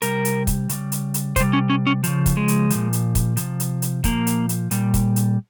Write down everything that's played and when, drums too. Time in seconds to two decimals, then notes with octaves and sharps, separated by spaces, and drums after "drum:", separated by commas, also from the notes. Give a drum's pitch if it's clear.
0.02 C3 G3 A#4, drum: hi-hat
0.25 drum: hi-hat
0.47 drum: kick, hi-hat
0.69 C#3 G3, drum: hi-hat
0.92 drum: hi-hat
1.14 drum: hi-hat
1.36 C3 G3 C5, drum: kick, hi-hat
1.53 C#4
1.70 C#4
1.87 C#4
2.04 C#3 F3, drum: hi-hat
2.26 drum: kick, hi-hat
2.37 G#3
2.48 drum: hi-hat
2.70 A#2 F3, drum: hi-hat
2.93 drum: hi-hat
3.15 drum: kick, hi-hat
3.37 C3 F3, drum: hi-hat
3.60 drum: hi-hat
3.82 drum: hi-hat
4.04 A#2 F3 A#3, drum: kick, hi-hat
4.27 drum: hi-hat
4.49 drum: hi-hat
4.71 A#2 G3, drum: hi-hat
4.94 drum: kick, hi-hat
5.16 drum: hi-hat